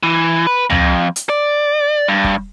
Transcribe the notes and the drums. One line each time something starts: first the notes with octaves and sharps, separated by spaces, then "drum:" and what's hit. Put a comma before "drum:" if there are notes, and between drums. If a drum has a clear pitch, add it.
E3
B4
F2, drum: tom
drum: hi-hat
D5
G2
drum: kick